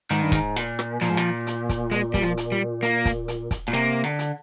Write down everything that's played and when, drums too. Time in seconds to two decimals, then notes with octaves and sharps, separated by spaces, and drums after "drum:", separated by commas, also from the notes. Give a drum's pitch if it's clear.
0.11 G#2 D#3, drum: hi-hat
0.22 G2
0.32 G#2, drum: kick, hi-hat
0.56 A#2, drum: hi-hat
0.79 drum: rim click
1.01 A#2 F3, drum: hi-hat
1.09 G#2
1.17 A#2
1.47 drum: hi-hat
1.69 drum: kick, hi-hat
1.91 G#3, drum: hi-hat
2.14 G3, drum: kick, hi-hat
2.23 F3
2.37 drum: hi-hat
2.52 G3
2.83 A#3, drum: hi-hat
3.05 drum: kick, hi-hat
3.28 drum: hi-hat
3.51 drum: kick, hi-hat
3.68 A#2
3.73 C3 A#3
4.04 D3
4.19 drum: hi-hat